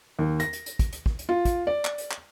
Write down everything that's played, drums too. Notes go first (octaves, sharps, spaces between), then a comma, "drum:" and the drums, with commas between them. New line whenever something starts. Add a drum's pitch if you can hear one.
D#2
A#6, drum: hi-hat
drum: hi-hat
drum: hi-hat
drum: kick, hi-hat
drum: hi-hat
drum: kick
drum: hi-hat
F4
drum: kick, hi-hat
D5
drum: clap
drum: hi-hat
drum: clap